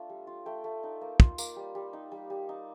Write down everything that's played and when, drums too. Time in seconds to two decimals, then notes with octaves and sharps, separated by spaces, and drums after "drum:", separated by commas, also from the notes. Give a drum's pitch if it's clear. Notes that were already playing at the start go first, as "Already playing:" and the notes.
Already playing: A3 D4 F4
0.10 G3
0.27 F4
0.46 A3 G5
0.64 A3
0.83 D#4
1.01 A#3
1.20 F4, drum: kick
1.38 A#3, drum: tambourine
1.56 G3
1.75 G3
1.93 D#4
2.12 G3
2.30 G3
2.49 D#4